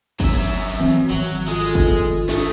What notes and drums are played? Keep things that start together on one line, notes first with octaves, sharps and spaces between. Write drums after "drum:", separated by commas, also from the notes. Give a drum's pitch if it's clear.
F#3 E5, drum: kick G1
E3 F3 C4
G#1 F#3
G#3 F4 G#4 A4
drum: kick G1
G#3 A3, drum: snare